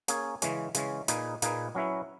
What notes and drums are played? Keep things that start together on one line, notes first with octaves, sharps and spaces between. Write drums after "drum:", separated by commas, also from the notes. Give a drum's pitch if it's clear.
A#3 C#4 G#4, drum: hi-hat
C#3 E3 G#3 C#4, drum: hi-hat
C#3 E3 G#3 C#4, drum: hi-hat
A#2 A#3 D#4 G#4 B4, drum: hi-hat
A#2 A#3 D#4 G#4 B4, drum: hi-hat
F#3 C#4 E4 B4